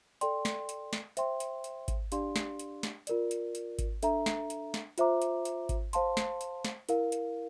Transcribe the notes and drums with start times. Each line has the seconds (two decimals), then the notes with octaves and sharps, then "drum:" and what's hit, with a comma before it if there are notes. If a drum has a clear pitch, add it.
0.21 A4 D5 G5 C6, drum: hi-hat
0.45 drum: snare
0.69 drum: hi-hat
0.93 drum: snare
1.17 C5 E5 G5 C6, drum: hi-hat
1.40 drum: hi-hat
1.64 drum: hi-hat
1.88 drum: kick G#1, hi-hat
2.12 D4 G4 D5 F5 C6, drum: hi-hat
2.36 drum: snare
2.59 drum: hi-hat
2.83 drum: snare
3.07 F4 A#4 D5, drum: hi-hat
3.31 drum: hi-hat
3.55 drum: hi-hat
3.79 drum: kick G#1, hi-hat
4.03 D4 A4 E5 A#5, drum: hi-hat
4.26 drum: snare
4.50 drum: hi-hat
4.74 drum: snare
4.98 F4 C5 E5 A#5 D6, drum: hi-hat
5.22 drum: hi-hat
5.45 drum: hi-hat
5.69 drum: kick G#1, hi-hat
5.93 C5 F5 A5 C6, drum: hi-hat
6.17 drum: snare
6.41 drum: hi-hat
6.65 drum: snare
6.89 E4 A#4 F5, drum: hi-hat
7.12 drum: hi-hat